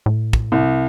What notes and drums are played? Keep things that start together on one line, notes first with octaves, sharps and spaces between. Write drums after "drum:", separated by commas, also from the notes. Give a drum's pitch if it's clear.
A2
drum: kick
C2